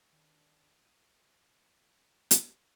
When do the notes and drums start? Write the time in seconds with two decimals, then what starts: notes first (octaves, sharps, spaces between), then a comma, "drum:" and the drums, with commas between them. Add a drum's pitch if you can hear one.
0.13 D#3 D4
0.85 F3 D#7
2.31 drum: hi-hat